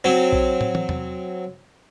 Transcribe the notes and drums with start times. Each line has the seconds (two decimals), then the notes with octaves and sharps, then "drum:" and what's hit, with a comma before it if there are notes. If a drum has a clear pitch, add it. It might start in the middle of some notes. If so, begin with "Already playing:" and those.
0.04 F#3 C4
0.33 drum: kick A#1
0.61 drum: tom
0.75 drum: tom
0.89 drum: tom